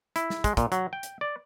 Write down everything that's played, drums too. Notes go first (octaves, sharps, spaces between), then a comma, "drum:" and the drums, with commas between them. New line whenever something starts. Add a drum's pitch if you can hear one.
E4, drum: hi-hat
drum: snare
G#3, drum: kick, hi-hat
A#2, drum: kick, hi-hat
F#3, drum: hi-hat
G5
drum: hi-hat
D5